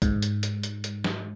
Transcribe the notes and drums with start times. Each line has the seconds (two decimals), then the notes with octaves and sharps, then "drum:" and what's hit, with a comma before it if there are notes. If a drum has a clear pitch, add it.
0.02 G#2, drum: kick, hi-hat
0.22 drum: hi-hat
0.43 drum: hi-hat
0.63 drum: hi-hat
0.84 drum: hi-hat
1.04 drum: snare